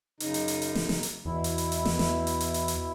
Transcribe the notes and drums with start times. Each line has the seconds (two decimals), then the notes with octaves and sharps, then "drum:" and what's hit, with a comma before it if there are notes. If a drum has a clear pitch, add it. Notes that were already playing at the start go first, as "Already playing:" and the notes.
0.20 F#2 C#3 D#4, drum: hi-hat
0.34 drum: hi-hat
0.48 drum: hi-hat
0.62 drum: hi-hat
0.75 drum: snare
0.89 drum: snare
1.03 drum: hi-hat
1.25 E2 B2 E4
1.44 drum: hi-hat
1.58 drum: hi-hat
1.72 drum: hi-hat
1.85 drum: snare
1.99 drum: snare
2.27 drum: hi-hat
2.40 drum: hi-hat
2.54 drum: hi-hat
2.68 drum: hi-hat